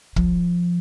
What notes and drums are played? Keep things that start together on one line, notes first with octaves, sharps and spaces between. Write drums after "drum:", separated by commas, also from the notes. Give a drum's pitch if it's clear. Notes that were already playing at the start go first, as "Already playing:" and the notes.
F3, drum: kick